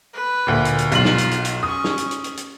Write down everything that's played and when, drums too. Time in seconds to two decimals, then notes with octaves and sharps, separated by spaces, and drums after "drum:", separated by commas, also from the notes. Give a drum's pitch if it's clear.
0.14 B4
0.47 D2 A#2
0.65 drum: hi-hat
0.78 drum: hi-hat
0.92 B1 F4 F#7, drum: hi-hat
1.05 drum: snare
1.18 drum: hi-hat
1.31 drum: hi-hat
1.45 drum: hi-hat
1.63 C#4 C#6 D#6
1.84 drum: snare
1.98 drum: hi-hat
2.11 drum: hi-hat
2.24 drum: hi-hat
2.37 drum: hi-hat